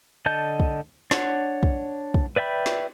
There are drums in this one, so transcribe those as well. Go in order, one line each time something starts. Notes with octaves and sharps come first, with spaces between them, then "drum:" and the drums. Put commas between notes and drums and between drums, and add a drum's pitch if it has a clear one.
D3 A4 D#5 A5 G6
drum: kick
D4 C#5 F#5, drum: snare
drum: kick
drum: kick
B4 D5 E5 G5 B5
drum: snare